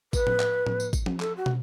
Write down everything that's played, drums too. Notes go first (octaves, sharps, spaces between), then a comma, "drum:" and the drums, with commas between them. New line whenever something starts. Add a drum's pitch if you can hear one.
B4, drum: kick G#1, tambourine
drum: tom A2
drum: clap
drum: tom A2
drum: tambourine
drum: kick G#1, tambourine
drum: tom F3
A4, drum: clap
F#4
drum: tom